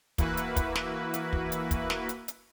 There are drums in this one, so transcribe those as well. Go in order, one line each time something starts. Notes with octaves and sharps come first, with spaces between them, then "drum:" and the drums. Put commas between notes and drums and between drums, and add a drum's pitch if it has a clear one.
E3 A#3 E4 F#4 B4, drum: kick, hi-hat
drum: hi-hat
drum: kick, hi-hat
drum: snare
drum: hi-hat
drum: kick
drum: hi-hat
drum: kick, hi-hat
drum: snare
drum: hi-hat
drum: hi-hat